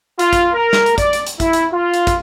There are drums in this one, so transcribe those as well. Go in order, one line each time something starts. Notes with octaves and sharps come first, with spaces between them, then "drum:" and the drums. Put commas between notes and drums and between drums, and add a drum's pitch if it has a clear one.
F4, drum: hi-hat
drum: kick, hi-hat
A#4
drum: snare
drum: hi-hat
D5, drum: kick, hi-hat
drum: hi-hat
drum: hi-hat
E4, drum: kick, hi-hat
drum: hi-hat
F4
drum: hi-hat
drum: kick, hi-hat